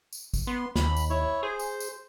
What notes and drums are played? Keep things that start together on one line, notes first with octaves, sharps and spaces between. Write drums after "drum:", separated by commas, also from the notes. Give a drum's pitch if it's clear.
drum: tambourine
drum: kick, tambourine
B3 C6
D#2 B5, drum: snare
drum: tambourine
E4 C#5
G#4 C5
drum: tambourine
drum: tambourine